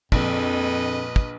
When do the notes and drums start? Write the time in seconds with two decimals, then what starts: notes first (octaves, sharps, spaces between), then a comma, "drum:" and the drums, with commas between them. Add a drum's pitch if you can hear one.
0.12 A#1 F2 B4 D#5, drum: kick
1.16 drum: kick